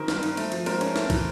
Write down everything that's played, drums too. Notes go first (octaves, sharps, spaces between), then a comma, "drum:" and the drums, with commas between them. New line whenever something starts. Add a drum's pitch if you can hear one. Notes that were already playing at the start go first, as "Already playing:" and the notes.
Already playing: D#3 F#3 A#4 C5
G2, drum: snare
G2, drum: cymbal
A3, drum: cymbal
F3, drum: cymbal
G#2 A#4 C5, drum: cymbal
C#4, drum: cymbal
A3, drum: snare
E3, drum: kick, cymbal